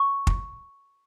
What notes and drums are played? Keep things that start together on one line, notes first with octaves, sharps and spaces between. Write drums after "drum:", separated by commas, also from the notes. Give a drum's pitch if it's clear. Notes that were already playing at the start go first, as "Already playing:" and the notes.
Already playing: C#6
drum: kick